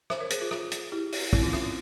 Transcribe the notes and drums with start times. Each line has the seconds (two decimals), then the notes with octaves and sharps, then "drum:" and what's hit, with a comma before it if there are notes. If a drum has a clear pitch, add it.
0.10 C5 E5, drum: rim click
0.20 A#4 C#5
0.30 G#4 C5, drum: hi-hat
0.41 F4 G#4
0.51 drum: rim click
0.72 drum: hi-hat
0.92 E4 G4
1.12 drum: open hi-hat
1.33 C4 E4, drum: kick
1.42 C#4 F4
1.53 C#4, drum: rim click
1.63 C#4